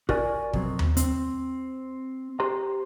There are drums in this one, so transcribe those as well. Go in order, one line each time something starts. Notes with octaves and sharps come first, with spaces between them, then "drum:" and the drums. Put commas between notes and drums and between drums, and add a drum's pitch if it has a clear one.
F#4 A#4 D5 G#5, drum: kick
F2 B2 F#3 C4, drum: kick
drum: tom D#2
C4, drum: hi-hat
G4 C5 A#5 C6